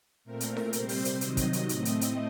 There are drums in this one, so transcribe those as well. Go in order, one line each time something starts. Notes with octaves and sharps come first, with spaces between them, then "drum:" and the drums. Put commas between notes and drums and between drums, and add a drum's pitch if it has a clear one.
A#2 A3 C4 A#4
drum: hi-hat
drum: snare E4
C3 G3 C4 C5, drum: hi-hat
drum: open hi-hat
drum: hi-hat
C3 D#3 F#3 D#5, drum: hi-hat
drum: kick, hi-hat
drum: hi-hat
A2 A3 C4, drum: hi-hat
drum: hi-hat
drum: hi-hat